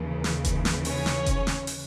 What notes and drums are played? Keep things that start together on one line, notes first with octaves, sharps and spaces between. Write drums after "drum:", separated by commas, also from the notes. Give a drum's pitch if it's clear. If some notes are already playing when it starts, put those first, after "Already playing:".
Already playing: D#2 C#3 E3
drum: snare
drum: kick F1, hi-hat
drum: snare
C#4 C#5, drum: open hi-hat
drum: snare
drum: kick F1, hi-hat
drum: snare
drum: open hi-hat